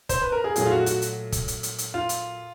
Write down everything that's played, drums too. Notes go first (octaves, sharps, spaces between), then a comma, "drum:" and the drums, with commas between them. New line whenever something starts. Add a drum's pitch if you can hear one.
C5, drum: kick, hi-hat
B4
A#4
G#4
A#2 F#3 A3 G#4, drum: hi-hat
F4
F#4
F#4, drum: hi-hat
drum: hi-hat
drum: kick, hi-hat
drum: hi-hat
drum: hi-hat
drum: hi-hat
F4
drum: hi-hat